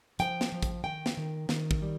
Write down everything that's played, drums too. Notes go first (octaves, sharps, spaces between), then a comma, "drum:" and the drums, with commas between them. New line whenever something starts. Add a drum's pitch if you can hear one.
F3 G5, drum: hi-hat
drum: snare
F3
drum: kick, hi-hat
D#3 G5
drum: snare
D#3
D#3, drum: snare
drum: kick
G3